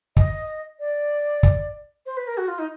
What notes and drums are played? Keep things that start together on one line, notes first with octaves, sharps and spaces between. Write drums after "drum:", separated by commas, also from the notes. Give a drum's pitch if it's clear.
D#5, drum: kick
D5
drum: kick
C5
B4
A#4
F#4
F4
D#4